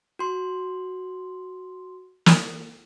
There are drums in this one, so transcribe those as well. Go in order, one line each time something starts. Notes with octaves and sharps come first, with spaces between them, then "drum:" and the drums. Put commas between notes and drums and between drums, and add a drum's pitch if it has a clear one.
F#4 C6
drum: snare